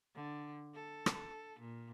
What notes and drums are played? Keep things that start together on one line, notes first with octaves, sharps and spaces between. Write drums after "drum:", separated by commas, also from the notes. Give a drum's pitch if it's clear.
D3
A4
drum: rim click
A#2